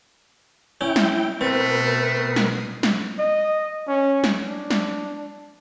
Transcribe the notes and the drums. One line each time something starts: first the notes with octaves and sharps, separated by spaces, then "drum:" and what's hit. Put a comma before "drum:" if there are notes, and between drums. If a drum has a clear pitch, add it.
C#4 E4 G5
drum: snare
B2 A3 C4 A#4 B4 D#6 C7
drum: snare
drum: snare
D#5
C#4
drum: snare
D4
drum: snare